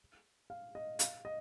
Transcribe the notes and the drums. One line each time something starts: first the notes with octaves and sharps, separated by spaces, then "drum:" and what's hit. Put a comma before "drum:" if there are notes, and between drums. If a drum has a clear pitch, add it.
F5
D#5
F5, drum: hi-hat
D#5